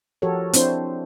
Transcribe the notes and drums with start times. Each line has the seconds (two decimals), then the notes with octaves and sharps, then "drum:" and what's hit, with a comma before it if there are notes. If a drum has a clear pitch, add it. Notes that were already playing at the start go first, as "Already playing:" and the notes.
0.22 F3 F#4 G4 A4 A#4 C#5
0.53 C4 D4 E4 C5, drum: hi-hat